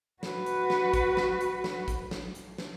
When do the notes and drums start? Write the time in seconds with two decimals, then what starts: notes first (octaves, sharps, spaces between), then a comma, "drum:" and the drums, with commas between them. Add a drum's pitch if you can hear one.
0.23 F#4 B4, drum: snare
0.46 drum: hi-hat
0.70 drum: snare
0.94 drum: kick, hi-hat
1.17 drum: snare
1.41 drum: hi-hat
1.64 drum: snare
1.88 drum: kick, hi-hat
2.11 drum: snare
2.35 drum: hi-hat
2.58 drum: snare